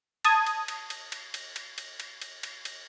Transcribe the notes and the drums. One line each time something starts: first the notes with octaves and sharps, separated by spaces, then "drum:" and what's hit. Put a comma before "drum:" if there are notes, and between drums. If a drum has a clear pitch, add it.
A5 D#6 G#6, drum: cymbal
drum: cymbal
drum: cymbal
drum: cymbal
drum: cymbal
drum: cymbal
drum: cymbal
drum: cymbal
drum: cymbal
drum: cymbal
drum: cymbal
drum: cymbal